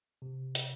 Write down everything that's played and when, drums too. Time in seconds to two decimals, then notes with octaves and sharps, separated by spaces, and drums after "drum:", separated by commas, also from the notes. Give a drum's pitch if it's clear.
0.22 C3
0.55 drum: hi-hat